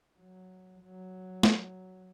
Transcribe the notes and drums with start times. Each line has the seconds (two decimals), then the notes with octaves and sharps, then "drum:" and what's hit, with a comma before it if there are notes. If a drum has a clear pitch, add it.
0.18 F#3
0.82 F#3
1.43 drum: snare